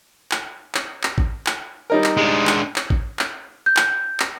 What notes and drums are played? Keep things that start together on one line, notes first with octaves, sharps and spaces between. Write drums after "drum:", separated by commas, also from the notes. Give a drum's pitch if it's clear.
drum: clap
drum: clap
drum: clap
drum: kick
drum: clap
G3 D#4 A#4
drum: clap
G#3 D4
drum: clap
drum: clap
drum: kick
drum: clap
G6
drum: clap
drum: clap